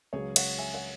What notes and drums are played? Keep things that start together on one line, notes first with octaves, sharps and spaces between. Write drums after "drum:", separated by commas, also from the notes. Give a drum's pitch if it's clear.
C#2 C#3 F#3 G#4 C#5
C#5 F#5, drum: cymbal
E5 G#5
C#5 F#5